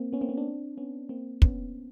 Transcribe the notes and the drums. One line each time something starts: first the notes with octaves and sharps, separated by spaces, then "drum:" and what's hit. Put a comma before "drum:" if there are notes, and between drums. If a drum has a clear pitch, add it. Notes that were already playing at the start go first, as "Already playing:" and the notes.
Already playing: A#3 C4
B3 C#4
A#3 C4
B3 C#4
C4 D4
B3 C#4
A#3 C4
B3 C#4, drum: kick